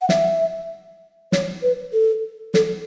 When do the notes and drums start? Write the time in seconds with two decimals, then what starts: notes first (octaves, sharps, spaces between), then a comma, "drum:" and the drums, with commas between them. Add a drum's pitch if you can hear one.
0.01 F#5
0.09 E5, drum: snare
1.32 C#5, drum: snare
1.62 B4
1.93 A4
2.54 A4, drum: snare